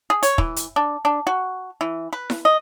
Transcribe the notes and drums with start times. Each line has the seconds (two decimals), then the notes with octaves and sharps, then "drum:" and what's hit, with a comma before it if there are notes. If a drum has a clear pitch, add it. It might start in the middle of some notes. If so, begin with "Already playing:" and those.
0.10 G#4
0.23 C#5, drum: hi-hat
0.38 E3, drum: kick
0.56 drum: hi-hat
0.76 D4
1.05 D4
1.27 F#4
1.81 E3
2.13 B4
2.30 drum: snare E4
2.45 D#5